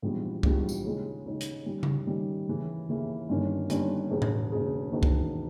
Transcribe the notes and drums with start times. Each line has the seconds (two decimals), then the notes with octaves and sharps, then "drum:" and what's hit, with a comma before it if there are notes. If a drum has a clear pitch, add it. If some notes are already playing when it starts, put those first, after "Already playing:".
0.02 A#1 G#2 E3 G3 B3
0.43 A#1 G#2 E3 G3 B3, drum: kick C2
0.69 drum: tambourine
0.84 D#2 C#3 G#3 D#4
1.25 D#2 C#3 G#3 D#4
1.41 drum: hi-hat
1.66 D#3 G3 C#4
1.83 drum: tom C#3
2.07 D#3 G3 C#4
2.48 D#2 C#3 E3 A#3 E4
2.89 D#2 C#3 E3 A#3 E4
3.29 G1 G2 D#3 A#3 C#4
3.70 G1 G2 D#3 A#3 C#4, drum: hi-hat
4.10 E1 D#2 C#3
4.22 drum: tom A2
4.52 E1 D#2 C#3
4.92 E1 D#2 D#3
5.03 drum: kick C2